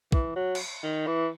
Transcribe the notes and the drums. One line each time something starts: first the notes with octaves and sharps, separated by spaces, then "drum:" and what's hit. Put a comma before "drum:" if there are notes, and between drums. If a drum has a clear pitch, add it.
E3, drum: kick
F#3
drum: cymbal
D#3
E3